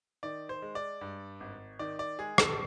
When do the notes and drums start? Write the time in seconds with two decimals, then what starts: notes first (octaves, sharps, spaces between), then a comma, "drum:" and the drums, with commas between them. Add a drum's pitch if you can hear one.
0.23 D#3 D5
0.49 C5
0.62 G#3
0.75 D5
1.01 G2
1.40 G#1
1.79 D#3 D5
1.99 D5
2.19 G#3 G#4
2.38 A4, drum: rim click